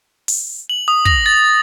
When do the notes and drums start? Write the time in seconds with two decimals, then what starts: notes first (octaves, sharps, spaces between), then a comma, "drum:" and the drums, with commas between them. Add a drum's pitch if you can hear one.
0.28 drum: open hi-hat
0.70 F#7
0.88 D#6
1.05 A#6, drum: kick
1.26 A6